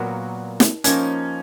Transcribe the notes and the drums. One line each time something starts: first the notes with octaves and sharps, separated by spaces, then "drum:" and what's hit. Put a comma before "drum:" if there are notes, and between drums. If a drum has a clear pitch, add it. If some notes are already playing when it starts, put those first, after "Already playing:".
Already playing: A#2 F#3 B3 F#4 A#4
drum: snare
F3 A#3 C#4 D#4 A#4 C#5, drum: hi-hat